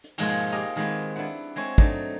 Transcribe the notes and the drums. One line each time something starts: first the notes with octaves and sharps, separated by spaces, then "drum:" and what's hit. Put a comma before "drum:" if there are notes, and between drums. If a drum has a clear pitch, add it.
drum: hi-hat
G#2 B2 F3 G#3 A#3 F4, drum: cymbal
G4 D#5 F5 G#5 A#5
D#3 G#3 B3 C4 F4 B4
B3 D4 E4 B4 F#5
G#3 C4 C#5 G#5
F#3 A3 D4 D#4, drum: kick